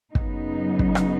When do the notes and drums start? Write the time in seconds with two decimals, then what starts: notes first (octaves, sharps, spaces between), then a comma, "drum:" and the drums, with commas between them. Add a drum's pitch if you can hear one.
0.15 F#2 C#3 F#3 B3 D#4, drum: kick
0.79 drum: kick
0.95 drum: rim click